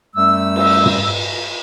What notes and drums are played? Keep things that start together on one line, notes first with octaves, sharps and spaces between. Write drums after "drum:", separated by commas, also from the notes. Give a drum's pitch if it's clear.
F#2 G3 A3 E6
drum: cymbal
drum: tom